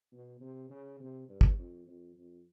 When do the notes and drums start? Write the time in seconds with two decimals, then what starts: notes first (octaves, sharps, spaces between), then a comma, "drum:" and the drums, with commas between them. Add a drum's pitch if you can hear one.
0.13 B2
0.41 C3
0.70 C#3
1.00 C3
1.29 G2
1.41 drum: kick
1.58 F2
1.87 F2
2.17 F2